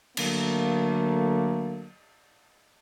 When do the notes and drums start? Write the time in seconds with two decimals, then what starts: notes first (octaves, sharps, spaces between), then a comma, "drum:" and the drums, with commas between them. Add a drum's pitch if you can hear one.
0.17 D3 F#3 A3 A#3, drum: cymbal